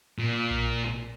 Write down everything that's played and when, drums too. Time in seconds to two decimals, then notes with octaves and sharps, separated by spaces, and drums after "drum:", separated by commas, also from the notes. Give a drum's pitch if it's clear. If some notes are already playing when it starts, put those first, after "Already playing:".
0.18 A#2
0.51 drum: kick A#1